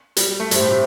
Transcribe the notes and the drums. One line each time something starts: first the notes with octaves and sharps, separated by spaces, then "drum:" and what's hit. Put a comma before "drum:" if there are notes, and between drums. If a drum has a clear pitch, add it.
G3, drum: hi-hat
G3
A3
G2 G4 C5 E5, drum: hi-hat
A2
C3